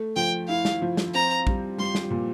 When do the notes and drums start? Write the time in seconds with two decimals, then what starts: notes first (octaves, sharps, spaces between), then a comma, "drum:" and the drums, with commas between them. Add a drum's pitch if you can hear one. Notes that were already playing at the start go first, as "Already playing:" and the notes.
Already playing: A3
0.16 F3 G5
0.48 E4 F5
0.65 drum: snare
0.82 F3
0.97 drum: snare
1.14 C4 A#5
1.47 G3, drum: kick
1.78 G3 C6
1.95 drum: snare
2.10 A#2